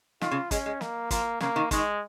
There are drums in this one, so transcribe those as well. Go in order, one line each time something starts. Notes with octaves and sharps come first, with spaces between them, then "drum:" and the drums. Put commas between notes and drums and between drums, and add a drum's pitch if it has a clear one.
D#3 F4, drum: snare
C#3
G#3 C#4, drum: kick, hi-hat
G#3
A#3, drum: snare
F3 A#3, drum: kick, hi-hat
C#3 A#3, drum: snare
D#3
D#3 G#3, drum: kick, hi-hat